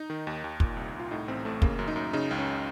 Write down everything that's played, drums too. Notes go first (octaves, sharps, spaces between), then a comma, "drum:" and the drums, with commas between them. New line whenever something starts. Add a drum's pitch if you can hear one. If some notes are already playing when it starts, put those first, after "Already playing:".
Already playing: D#4
D#3
D#2
D#2
A#2, drum: kick
C2
C2 F4
A2 D#4
A1 C4
A1 A3
C#3 A#3, drum: kick
F#2
D#4
F#2
C#3 D#4
C#2
C#4